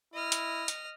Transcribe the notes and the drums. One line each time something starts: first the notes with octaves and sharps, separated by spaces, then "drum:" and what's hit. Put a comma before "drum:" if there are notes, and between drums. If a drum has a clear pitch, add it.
E4 D#5 F6
drum: hi-hat
drum: hi-hat